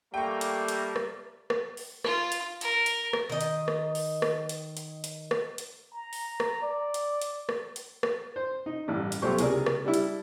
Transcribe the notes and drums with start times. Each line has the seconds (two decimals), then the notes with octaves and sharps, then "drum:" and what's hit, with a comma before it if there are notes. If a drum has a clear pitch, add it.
0.14 G3 A3 A#3 G5 C#6
0.41 drum: hi-hat
0.68 drum: hi-hat
0.96 drum: rim click
1.50 drum: rim click
1.77 drum: open hi-hat
2.05 F4, drum: rim click
2.32 drum: hi-hat
2.61 A#4, drum: hi-hat
2.86 drum: hi-hat
3.13 drum: rim click
3.29 D#3 D#5
3.41 drum: hi-hat
3.68 drum: rim click
3.95 drum: open hi-hat
4.22 drum: rim click
4.49 drum: hi-hat
4.77 drum: hi-hat
5.04 drum: hi-hat
5.31 drum: rim click
5.58 drum: hi-hat
5.94 A#5
6.13 drum: open hi-hat
6.40 drum: rim click
6.62 D5
6.94 drum: hi-hat
7.22 drum: hi-hat
7.49 drum: rim click
7.76 drum: hi-hat
8.03 drum: rim click
8.36 C5
8.66 D#4
8.88 A1 G2
9.12 drum: hi-hat
9.22 B1 F#3 A3 G4 C5 C#6
9.38 C#2 C3 G#4 A#4 D5, drum: hi-hat
9.66 drum: rim click
9.84 G3 D4 E4
9.94 drum: hi-hat